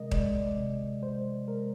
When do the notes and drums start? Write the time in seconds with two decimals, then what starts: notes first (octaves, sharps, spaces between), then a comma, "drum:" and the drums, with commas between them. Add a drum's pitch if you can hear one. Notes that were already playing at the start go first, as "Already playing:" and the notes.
Already playing: C3 G#3 A#4 D#5
0.11 G#3 D5, drum: kick D#1
0.57 C3
1.02 G#3 C5
1.48 G#3 A#4